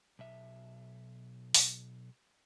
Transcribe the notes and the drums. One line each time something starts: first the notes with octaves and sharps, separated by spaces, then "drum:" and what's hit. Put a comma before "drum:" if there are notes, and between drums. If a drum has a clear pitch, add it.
B1 E5
drum: open hi-hat